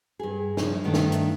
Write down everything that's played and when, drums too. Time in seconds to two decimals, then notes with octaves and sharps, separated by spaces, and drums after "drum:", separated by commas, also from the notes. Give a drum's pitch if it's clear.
0.19 G2 G#4
0.57 G2 C#3 F3, drum: snare
0.84 G2 D#3 A3 C4 D4 F4
0.94 drum: snare
1.12 drum: hi-hat